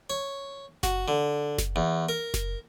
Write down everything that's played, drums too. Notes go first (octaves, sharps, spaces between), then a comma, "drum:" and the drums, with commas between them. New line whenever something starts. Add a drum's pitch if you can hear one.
C#5
F#4, drum: snare F#1
D3
drum: snare F#1
E2
A#4
drum: snare F#1